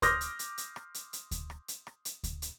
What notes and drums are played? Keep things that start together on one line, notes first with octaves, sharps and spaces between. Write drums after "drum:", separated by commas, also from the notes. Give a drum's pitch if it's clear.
C6 D6 D#6 F6 G6 A#6, drum: kick D2, hi-hat
drum: hi-hat
drum: hi-hat
drum: hi-hat
drum: rim click
drum: hi-hat
drum: hi-hat
drum: kick D2, hi-hat
drum: rim click
drum: hi-hat
drum: rim click
drum: hi-hat
drum: kick D2, hi-hat
drum: hi-hat